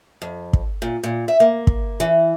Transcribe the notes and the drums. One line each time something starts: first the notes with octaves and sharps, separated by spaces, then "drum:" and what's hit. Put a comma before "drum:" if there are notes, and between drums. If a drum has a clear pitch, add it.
F2
drum: kick
A#2
A#2
E5
A#3
drum: kick
E3